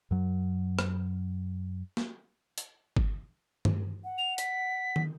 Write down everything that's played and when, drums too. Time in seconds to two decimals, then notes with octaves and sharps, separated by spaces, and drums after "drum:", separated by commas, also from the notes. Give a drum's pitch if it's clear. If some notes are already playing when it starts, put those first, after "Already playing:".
0.11 F#2 F#3
0.79 drum: rim click
1.97 drum: snare
2.58 drum: hi-hat
2.97 drum: kick G1
3.65 drum: tom G2
4.04 F#5
4.18 F7
4.38 B6, drum: hi-hat
4.96 drum: tom